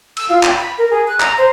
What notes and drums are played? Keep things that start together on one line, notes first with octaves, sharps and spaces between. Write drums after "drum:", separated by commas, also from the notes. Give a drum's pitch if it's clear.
E6, drum: cymbal
F4
G5, drum: clap
B5
A#4
G#4
F#6
A#5, drum: clap
C5